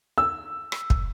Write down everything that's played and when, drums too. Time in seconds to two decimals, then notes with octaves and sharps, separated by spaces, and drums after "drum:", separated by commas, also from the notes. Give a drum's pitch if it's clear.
0.18 E6
0.72 drum: rim click
0.90 drum: kick